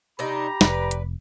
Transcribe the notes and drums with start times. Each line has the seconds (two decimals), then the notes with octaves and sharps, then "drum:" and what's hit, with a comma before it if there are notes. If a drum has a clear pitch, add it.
0.19 C3 D4 D#4 G4 A#5 B5
0.61 F1 B4 D5, drum: snare
0.91 drum: hi-hat